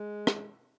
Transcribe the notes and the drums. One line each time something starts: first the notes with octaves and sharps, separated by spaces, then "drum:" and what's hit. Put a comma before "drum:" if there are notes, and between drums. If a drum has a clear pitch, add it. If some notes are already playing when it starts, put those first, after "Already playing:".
Already playing: G#3
drum: rim click